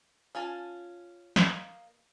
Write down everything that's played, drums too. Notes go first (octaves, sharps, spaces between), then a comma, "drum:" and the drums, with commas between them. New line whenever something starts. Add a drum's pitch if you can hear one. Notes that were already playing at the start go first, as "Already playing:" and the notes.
C#4 F4 G#5 A5
A#3 D#5, drum: snare